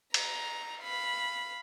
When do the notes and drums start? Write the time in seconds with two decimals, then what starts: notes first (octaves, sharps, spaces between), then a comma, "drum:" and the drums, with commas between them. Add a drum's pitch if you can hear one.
0.14 A#5, drum: cymbal
0.79 F5 B5